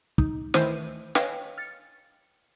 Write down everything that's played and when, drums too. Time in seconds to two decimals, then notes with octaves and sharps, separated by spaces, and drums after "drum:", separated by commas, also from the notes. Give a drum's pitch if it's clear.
0.18 D#4, drum: kick
0.54 D#3 E3 A3 E4 C5 D#7, drum: snare
1.15 B4 C#5 D#5 F5 G5 G#5, drum: snare
1.58 F6 A6 C#7